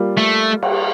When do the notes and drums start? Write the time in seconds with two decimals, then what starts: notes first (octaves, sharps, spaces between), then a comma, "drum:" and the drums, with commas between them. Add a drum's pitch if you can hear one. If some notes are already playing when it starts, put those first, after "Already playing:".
Already playing: G3 A#3 F4
0.17 A3
0.63 drum: cymbal